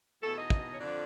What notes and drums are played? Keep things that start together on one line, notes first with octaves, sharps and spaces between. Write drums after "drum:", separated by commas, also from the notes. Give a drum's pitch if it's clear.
E2 B2 A3 A4
D#4 D#5
drum: kick
C#5
F2 D3 F3 D4 D5